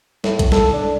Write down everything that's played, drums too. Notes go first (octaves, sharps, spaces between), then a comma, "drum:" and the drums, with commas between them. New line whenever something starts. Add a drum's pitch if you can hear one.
A2, drum: snare
drum: kick, hi-hat
A4, drum: snare
D4